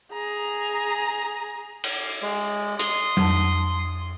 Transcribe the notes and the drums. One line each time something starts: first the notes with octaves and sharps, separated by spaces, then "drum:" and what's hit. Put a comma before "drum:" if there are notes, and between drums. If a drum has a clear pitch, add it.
G#4 A#5
drum: cymbal
G#3
C6 D#6, drum: hi-hat
F2 A5, drum: tom